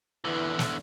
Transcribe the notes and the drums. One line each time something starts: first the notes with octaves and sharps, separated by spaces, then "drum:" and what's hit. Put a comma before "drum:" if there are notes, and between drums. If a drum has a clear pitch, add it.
E2 D3 E3
drum: snare